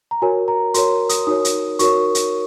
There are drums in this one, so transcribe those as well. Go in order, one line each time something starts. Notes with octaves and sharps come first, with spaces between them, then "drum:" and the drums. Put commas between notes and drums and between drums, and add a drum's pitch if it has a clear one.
A#5
F#4 A#4 C#5 G#5
A#5
F#4 A#4 C#5 C6, drum: hi-hat
D#6, drum: hi-hat
D#4 F#4 A#4 C#5 D#6
drum: hi-hat
D#4 F#4 A#4 C#5 C#6, drum: hi-hat
drum: hi-hat